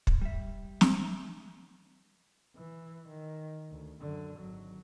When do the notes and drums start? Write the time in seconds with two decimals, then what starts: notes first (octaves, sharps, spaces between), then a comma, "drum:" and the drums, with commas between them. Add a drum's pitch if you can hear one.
0.07 drum: kick
0.21 G3 E5
0.81 drum: snare
2.57 E3
3.09 D#3
3.70 D2
4.01 F#2 D3
4.39 G#1 F#3